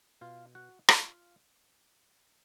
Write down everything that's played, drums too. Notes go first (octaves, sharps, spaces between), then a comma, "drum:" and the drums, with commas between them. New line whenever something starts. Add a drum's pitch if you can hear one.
B2 F4 F5
F#4 F#5
F4 F5, drum: rim click